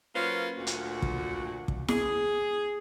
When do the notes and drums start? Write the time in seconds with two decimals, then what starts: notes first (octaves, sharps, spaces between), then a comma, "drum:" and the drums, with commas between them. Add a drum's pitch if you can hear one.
0.14 F#3 A#3 C#4 F4 B4 C5
0.57 D2 A#2 F#4
0.67 drum: hi-hat
1.02 drum: kick
1.68 drum: kick
1.88 G#4, drum: snare E4